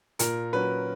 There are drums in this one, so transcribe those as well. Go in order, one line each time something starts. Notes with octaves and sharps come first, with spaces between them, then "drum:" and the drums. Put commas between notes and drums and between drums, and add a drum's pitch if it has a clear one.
A#2 A#4, drum: hi-hat
F#3 C#4 B4